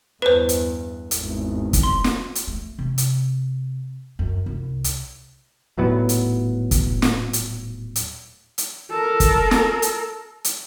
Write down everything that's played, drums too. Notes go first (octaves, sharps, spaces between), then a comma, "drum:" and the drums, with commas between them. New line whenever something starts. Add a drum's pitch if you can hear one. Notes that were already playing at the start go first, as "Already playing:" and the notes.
E2 G2 B4 C5
drum: hi-hat
G#1 E2, drum: hi-hat
drum: kick, hi-hat
C6
drum: snare
drum: hi-hat
A3
C3
drum: hi-hat
F#2
C2
drum: hi-hat
D#1 A2 F#3 B3
drum: hi-hat
drum: kick, hi-hat
drum: snare
drum: hi-hat
drum: hi-hat
drum: hi-hat
A4 A#4
drum: kick, hi-hat
drum: snare
drum: hi-hat
drum: hi-hat